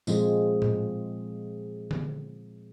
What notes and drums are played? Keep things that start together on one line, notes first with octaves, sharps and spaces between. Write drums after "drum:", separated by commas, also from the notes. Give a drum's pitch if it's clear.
A#2 F3 G#3 C4 F4 G#4, drum: tambourine
drum: tom A2
drum: tom D3